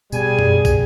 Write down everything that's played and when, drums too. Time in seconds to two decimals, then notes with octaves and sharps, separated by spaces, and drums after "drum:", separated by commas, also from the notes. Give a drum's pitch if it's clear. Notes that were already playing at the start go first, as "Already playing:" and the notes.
0.12 B2 G3 G#4 G#5, drum: tambourine
0.39 drum: tom F#2
0.65 drum: kick, tambourine